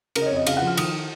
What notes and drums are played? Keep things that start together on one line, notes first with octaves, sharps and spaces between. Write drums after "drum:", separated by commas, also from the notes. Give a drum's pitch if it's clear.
C#3 A#4, drum: cymbal
D#5
F2 C#5
D#5
C#3 F5, drum: cymbal
F#5
F3
F6
D#3 D#6, drum: cymbal